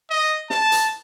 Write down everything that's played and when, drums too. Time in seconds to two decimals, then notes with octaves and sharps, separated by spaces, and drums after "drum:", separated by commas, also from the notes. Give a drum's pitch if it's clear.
0.10 D#5
0.50 A5, drum: snare
0.72 drum: hi-hat